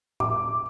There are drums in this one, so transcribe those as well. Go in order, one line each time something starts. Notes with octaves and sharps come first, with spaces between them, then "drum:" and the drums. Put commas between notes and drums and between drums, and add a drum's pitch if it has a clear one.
D6, drum: tom A2